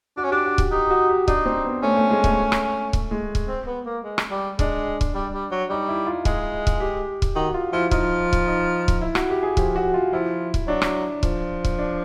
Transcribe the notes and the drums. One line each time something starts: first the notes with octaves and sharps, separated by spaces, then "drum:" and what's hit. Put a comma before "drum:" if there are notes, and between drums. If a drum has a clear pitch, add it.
D4 F#4
C#4
D4 G4
F#4
G4, drum: kick
D#4 G4
F#4
G4
D4 D#4, drum: kick
C4
B3
A3 C#4
A3
G#3
A3, drum: kick
drum: rim click
drum: kick
G#3
drum: kick
C4
B3
A#3
G#3
drum: rim click
G3
G#3 D4, drum: kick
drum: kick
G3
G3
F#3
G3 D#4
E4
F4
G#3 G#4, drum: kick
drum: kick
G4
drum: kick
D#3 F#4
F4
F3 E4
F3 D#4, drum: kick
drum: kick
D#4
drum: kick
E4
F#4, drum: rim click
G4
G#4
F3 G4, drum: kick
F#4
F4
F3 E4
drum: kick
F#3 D4
drum: rim click
F3, drum: kick
drum: kick
D4